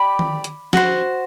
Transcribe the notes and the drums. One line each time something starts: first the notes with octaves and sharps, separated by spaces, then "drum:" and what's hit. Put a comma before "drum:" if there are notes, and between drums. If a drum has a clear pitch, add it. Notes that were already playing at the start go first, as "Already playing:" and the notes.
Already playing: G4 D5 B5
drum: tom D#3
drum: hi-hat
F#4 C5, drum: snare